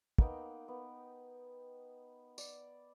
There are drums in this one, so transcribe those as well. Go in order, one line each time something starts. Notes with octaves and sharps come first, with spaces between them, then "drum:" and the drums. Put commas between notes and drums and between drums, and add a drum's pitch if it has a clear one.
A#3 B3 D#4 G5, drum: kick
B3
D5, drum: tambourine